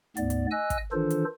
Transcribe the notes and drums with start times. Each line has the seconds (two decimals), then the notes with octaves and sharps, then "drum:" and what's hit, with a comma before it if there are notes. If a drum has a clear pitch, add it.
0.17 D2 G#2 B3 D5, drum: hi-hat
0.30 drum: hi-hat
0.51 D#5 G#5 E6 F#6
0.70 drum: kick, hi-hat
0.92 D#3 E3 D4 F4 A4 C5
1.10 drum: hi-hat